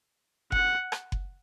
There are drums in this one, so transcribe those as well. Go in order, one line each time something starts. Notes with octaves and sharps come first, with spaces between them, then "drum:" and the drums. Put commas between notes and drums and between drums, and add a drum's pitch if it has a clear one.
F#5, drum: kick F#1
drum: rim click
drum: kick F#1